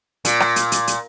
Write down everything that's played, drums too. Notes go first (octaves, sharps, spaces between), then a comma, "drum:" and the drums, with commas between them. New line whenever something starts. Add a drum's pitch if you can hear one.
A#2, drum: hi-hat
drum: rim click
drum: hi-hat
drum: hi-hat
drum: hi-hat